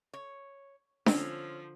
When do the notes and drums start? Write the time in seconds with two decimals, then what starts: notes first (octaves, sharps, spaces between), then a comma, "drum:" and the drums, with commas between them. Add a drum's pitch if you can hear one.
0.13 C#5
1.06 D3 F3 C4 C#4, drum: snare D4